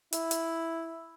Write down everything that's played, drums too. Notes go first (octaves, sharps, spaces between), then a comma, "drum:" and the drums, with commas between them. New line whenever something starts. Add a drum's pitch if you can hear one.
E4, drum: hi-hat
drum: hi-hat